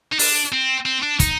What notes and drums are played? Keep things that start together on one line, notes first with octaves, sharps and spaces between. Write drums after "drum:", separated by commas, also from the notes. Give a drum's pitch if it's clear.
D#4
D4, drum: open hi-hat
C4
C4
D4
D#4, drum: kick, hi-hat